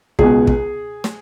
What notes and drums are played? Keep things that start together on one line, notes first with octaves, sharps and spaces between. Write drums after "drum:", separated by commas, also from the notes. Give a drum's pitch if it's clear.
C#2 B2 G#4, drum: kick
drum: kick
drum: snare